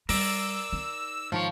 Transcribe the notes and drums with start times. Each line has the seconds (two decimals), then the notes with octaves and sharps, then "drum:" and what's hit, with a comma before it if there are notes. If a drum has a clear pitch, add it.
0.09 G3 A#4 D5 E6, drum: open hi-hat
0.73 D#4
1.32 G#2 D#3 F3 C#5